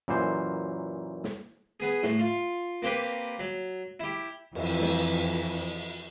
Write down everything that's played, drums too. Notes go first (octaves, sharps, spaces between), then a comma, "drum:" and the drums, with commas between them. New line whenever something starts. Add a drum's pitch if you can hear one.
F#2 A#2 E3 C5
drum: snare
B3 G#4
A2, drum: snare
F4
A#3 C4 G4 B4
F#3
E4 G4
F2 E3, drum: cymbal
drum: snare
drum: hi-hat